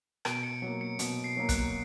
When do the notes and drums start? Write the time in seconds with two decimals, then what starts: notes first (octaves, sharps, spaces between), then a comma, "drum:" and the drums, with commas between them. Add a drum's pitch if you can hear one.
0.25 B2 D7, drum: rim click
0.43 C#7
0.62 F#3 A#3 C#7
0.81 C#7
0.99 B2, drum: hi-hat
1.24 C7
1.37 F#3 A#3
1.49 F#6, drum: kick, hi-hat